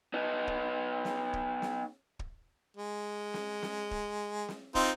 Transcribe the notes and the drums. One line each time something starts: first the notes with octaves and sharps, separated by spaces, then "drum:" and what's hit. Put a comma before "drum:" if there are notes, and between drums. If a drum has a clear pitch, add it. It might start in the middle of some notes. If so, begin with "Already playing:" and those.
B3 D#4
drum: kick
drum: snare
drum: kick
drum: snare
drum: kick
G#3
drum: snare
drum: snare
drum: kick
drum: snare
C4 D#4 F4, drum: kick